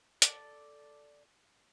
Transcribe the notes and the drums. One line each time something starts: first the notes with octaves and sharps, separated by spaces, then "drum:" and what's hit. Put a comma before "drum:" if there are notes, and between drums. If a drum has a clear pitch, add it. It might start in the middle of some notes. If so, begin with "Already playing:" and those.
A4 D5, drum: hi-hat